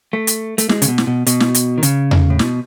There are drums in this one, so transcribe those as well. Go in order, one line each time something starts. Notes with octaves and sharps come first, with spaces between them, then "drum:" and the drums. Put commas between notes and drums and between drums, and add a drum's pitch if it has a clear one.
A3
drum: hi-hat
A3, drum: hi-hat
G#3, drum: snare
C#3, drum: hi-hat
B2
drum: snare
B2
B2, drum: hi-hat
drum: snare
drum: hi-hat
D#3
C#3, drum: hi-hat
drum: tom E2
A2
B2, drum: snare